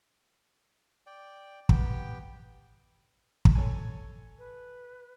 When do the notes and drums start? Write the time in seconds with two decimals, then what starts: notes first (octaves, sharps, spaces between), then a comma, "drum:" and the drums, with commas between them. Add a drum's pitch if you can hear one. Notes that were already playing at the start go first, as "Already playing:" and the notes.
1.06 D5 G5
1.69 B3 G4 G5, drum: kick
3.45 drum: kick
3.55 A4 C#5 G#5
4.38 B4